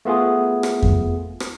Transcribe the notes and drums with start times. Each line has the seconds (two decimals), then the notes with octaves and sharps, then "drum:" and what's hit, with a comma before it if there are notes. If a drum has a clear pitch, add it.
0.05 A3 B3 F4 G#4
0.63 drum: rim click
0.82 drum: kick F2
1.40 drum: rim click